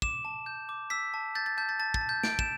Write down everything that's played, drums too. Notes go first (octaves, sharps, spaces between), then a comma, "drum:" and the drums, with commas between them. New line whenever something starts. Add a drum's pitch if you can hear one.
D6 E7, drum: kick
A5
G6
D6
E6 B6
A5
G6 A6
A6
A5 G6
A6
A5 A6
A6, drum: kick
A5
G6
G6 D7, drum: snare
E7, drum: kick